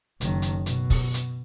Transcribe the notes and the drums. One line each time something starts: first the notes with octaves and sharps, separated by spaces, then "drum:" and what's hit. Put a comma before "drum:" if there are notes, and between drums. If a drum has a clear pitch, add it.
F#1 D#3, drum: hi-hat
drum: hi-hat
B2, drum: hi-hat
drum: kick, open hi-hat
drum: hi-hat